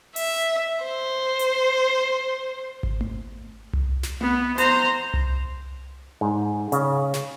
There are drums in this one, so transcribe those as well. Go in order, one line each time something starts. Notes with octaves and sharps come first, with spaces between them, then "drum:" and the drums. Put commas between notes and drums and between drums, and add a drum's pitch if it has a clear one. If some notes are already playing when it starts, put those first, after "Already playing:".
E5, drum: open hi-hat
C5
drum: hi-hat
drum: kick G#1
drum: tom A3
drum: tom C2
drum: snare
B3, drum: tom A3
C5 A#5, drum: hi-hat
drum: tom C2
G#2
C#3, drum: hi-hat
drum: snare